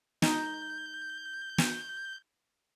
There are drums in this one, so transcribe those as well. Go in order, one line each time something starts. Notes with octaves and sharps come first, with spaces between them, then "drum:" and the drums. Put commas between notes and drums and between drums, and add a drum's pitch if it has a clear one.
D#4 G6, drum: snare
drum: snare